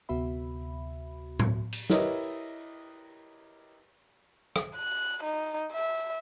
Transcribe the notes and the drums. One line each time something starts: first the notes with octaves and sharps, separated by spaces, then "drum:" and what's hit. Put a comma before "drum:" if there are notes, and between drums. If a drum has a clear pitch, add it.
D2 C3 B3 F#4 E5 B5
drum: tom A2
drum: cymbal
E4 G4 A#4 B4 C#5 D#5, drum: snare
drum: rim click
F#6
D#4
E5